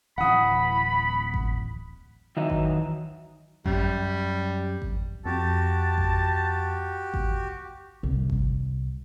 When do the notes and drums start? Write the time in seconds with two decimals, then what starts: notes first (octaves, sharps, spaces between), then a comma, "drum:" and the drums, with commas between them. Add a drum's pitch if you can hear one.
0.18 D1 E3 F#5 B5 D#6
1.34 drum: kick G#1
2.37 D#3 E3 F#3 D#4 E5
2.50 drum: kick G#1
3.66 F#2 G3, drum: kick G#1
4.82 drum: kick G#1
5.26 F2 F#4 G4 A5
5.98 drum: kick G#1
7.14 drum: kick G#1
8.03 C2
8.30 drum: kick G#1